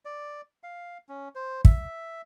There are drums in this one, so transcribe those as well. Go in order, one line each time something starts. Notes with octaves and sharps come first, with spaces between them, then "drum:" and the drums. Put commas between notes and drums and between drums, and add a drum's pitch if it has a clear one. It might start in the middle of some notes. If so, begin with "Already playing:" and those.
D5
F5
C#4
C5
E5, drum: kick